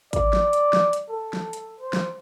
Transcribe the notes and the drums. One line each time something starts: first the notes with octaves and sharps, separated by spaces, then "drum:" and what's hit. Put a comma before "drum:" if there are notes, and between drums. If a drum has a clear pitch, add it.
D5, drum: kick, hi-hat
drum: snare
drum: hi-hat
drum: snare
drum: hi-hat
A4
drum: snare
drum: hi-hat
C5
drum: snare